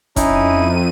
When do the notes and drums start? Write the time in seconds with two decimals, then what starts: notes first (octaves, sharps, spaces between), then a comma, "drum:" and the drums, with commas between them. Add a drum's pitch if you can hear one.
0.16 F2 C#4 D#4 E4 D#7, drum: kick E1, hi-hat